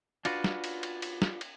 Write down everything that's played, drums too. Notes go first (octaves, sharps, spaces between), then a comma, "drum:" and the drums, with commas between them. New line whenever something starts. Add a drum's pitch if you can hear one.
D4 F4 F#4 B4, drum: cymbal
drum: snare
drum: cymbal
drum: cymbal
drum: cymbal
drum: snare
drum: cymbal